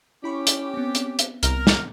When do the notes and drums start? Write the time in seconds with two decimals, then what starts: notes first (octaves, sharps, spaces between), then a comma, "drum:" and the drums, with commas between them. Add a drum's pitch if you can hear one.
0.24 C#4 E4 G4 B5 C#6
0.47 drum: hi-hat
0.74 B3 C4
0.95 drum: hi-hat
1.19 drum: hi-hat
1.43 C2 A#4, drum: hi-hat
1.67 drum: snare